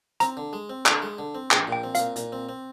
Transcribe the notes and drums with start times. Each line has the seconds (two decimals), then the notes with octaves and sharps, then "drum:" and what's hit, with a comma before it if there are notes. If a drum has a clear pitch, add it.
0.20 C4 A#5, drum: hi-hat
0.37 D3
0.53 G#3
0.70 C4
0.86 D3, drum: clap
1.02 G#3
1.18 D3
1.35 C4
1.51 A#1 G5, drum: clap
1.68 A#2 G5
1.84 C4
1.95 F5, drum: hi-hat
2.00 A#2
2.16 A#2, drum: hi-hat
2.32 C4
2.49 C4